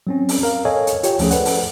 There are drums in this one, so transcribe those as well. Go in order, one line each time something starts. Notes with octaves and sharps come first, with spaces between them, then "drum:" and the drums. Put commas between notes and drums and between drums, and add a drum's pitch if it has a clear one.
F#3 C4 C#4
drum: open hi-hat
A#4 F5
A4 C#5 D#5 F5 G#5
drum: hi-hat
F4 G4 C#5 G5, drum: hi-hat
D2 F3 A3 C#4 G#4, drum: open hi-hat
A4 B4 C5 D5 F#5, drum: hi-hat
drum: open hi-hat